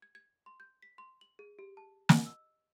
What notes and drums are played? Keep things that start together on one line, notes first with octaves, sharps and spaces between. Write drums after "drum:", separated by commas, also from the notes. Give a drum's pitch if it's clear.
G#6
G#6
C6
G6
B6
C6
F#7
G#4
G4
A5
D#5, drum: snare
E6